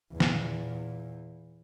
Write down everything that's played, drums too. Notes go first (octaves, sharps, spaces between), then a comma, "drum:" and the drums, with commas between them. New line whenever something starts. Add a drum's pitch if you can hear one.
E2 A#2
drum: snare